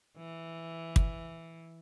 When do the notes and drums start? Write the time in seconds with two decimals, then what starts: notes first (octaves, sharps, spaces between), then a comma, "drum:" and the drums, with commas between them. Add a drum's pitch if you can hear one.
0.18 E3
0.96 drum: kick